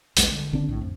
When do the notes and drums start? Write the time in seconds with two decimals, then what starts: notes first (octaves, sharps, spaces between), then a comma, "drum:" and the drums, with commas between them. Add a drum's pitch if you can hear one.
0.16 A#1 E2 G3 G#3, drum: hi-hat
0.31 D3
0.52 G#1 D3 C4 D4
0.68 A#1 A2
0.81 F2